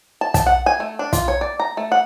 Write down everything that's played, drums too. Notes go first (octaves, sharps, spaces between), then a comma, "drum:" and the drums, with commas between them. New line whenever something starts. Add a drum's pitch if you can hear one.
A5
A5, drum: kick, hi-hat
F#5
G#5
A3
D4
F4, drum: kick, hi-hat
C#5
D5
A#5
A3
F#5